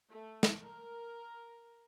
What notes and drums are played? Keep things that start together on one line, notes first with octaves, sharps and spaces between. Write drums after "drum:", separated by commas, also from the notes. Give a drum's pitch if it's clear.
A3
drum: snare
A#4